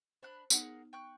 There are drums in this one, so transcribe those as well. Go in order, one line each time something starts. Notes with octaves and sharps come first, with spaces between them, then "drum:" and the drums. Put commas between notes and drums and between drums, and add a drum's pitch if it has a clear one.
D4 C5 B5 F#6
B3 D#4 G#4 A#4 F#5, drum: tambourine
G5 C#6 F#6